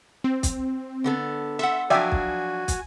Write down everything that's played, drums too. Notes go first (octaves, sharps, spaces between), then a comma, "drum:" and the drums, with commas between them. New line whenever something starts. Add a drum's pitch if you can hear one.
C4
drum: kick, hi-hat
D3 B3 A4
A4 E5 F#5 C6
F3 F#3 D4 F#4 D5 E5 G5 G#5
drum: kick
drum: kick, hi-hat